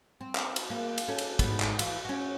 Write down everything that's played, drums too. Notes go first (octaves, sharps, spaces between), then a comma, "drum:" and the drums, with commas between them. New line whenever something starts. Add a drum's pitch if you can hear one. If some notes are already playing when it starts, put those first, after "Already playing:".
C4
drum: clap
drum: cymbal
A#3
drum: cymbal
C#4 A4
drum: cymbal
G#2 B3, drum: kick, cymbal
drum: clap
E3 F4, drum: cymbal
C#4 F#4